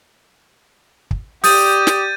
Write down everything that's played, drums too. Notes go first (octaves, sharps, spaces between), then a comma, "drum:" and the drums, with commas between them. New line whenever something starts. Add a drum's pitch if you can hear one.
drum: kick
G4 D5 D#6 G6 A6 D#7, drum: open hi-hat
drum: snare